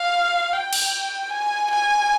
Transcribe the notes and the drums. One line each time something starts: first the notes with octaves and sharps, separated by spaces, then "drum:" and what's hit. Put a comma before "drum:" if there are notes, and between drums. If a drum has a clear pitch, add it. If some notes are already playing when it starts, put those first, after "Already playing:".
Already playing: F5
G5
drum: cymbal
G#5
G#5